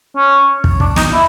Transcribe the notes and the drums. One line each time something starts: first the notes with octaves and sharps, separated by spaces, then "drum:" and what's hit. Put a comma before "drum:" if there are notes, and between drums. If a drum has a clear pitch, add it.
C#4
drum: kick
D4, drum: kick
D#4, drum: snare
E4